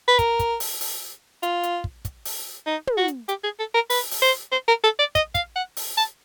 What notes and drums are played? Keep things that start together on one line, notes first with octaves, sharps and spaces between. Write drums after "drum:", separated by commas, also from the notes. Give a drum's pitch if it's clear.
B4
A#4, drum: kick, hi-hat
drum: kick, hi-hat
drum: open hi-hat
drum: open hi-hat
F4, drum: hi-hat
drum: hi-hat
drum: kick
drum: kick, hi-hat
drum: open hi-hat
D#4
drum: tom
F#4
drum: hi-hat
G4, drum: hi-hat
G#4
A4
A#4
B4, drum: open hi-hat
drum: open hi-hat
C5
C5
A#4
A4
D5
D#5, drum: kick, hi-hat
F5, drum: kick, hi-hat
F#5
drum: open hi-hat
A5